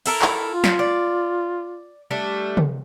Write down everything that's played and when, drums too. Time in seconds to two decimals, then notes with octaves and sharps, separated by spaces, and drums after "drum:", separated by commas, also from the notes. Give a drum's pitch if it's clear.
0.06 E4 A4 A#4, drum: cymbal
0.22 drum: clap
0.49 F4
0.64 drum: snare
0.79 D5
2.11 G3 A3 D4
2.57 drum: tom